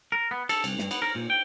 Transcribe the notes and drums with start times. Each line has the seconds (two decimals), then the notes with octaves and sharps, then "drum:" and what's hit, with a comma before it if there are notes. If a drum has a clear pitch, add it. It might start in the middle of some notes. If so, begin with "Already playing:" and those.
0.12 A#4
0.31 B3
0.49 A4, drum: cymbal
0.64 C2, drum: cymbal
0.79 G2, drum: snare
0.91 B3, drum: cymbal
1.02 A#4
1.15 A#2
1.30 G5